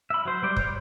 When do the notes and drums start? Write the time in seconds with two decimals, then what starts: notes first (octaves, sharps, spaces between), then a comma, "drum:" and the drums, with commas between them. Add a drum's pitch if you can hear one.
0.10 E5 B5
0.25 F#3 C5
0.43 G3 C5 D5
0.57 C#5 G6, drum: kick